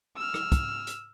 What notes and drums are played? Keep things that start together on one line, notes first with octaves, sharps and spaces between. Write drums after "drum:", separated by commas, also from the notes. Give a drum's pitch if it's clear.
E6 F6
drum: rim click
drum: kick, hi-hat
drum: hi-hat